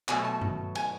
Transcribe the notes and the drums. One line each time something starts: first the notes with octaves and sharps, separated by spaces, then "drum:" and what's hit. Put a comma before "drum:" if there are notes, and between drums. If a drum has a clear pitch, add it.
B2 F#3 A3 G#5, drum: clap
A5
drum: tom G2
G#5, drum: cymbal